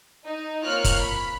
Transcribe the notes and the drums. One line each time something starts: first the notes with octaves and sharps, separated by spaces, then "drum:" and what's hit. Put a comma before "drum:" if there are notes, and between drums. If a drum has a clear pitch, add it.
D#4
A#3 C4 F4 C#5 F6 F#6
drum: kick, hi-hat
B5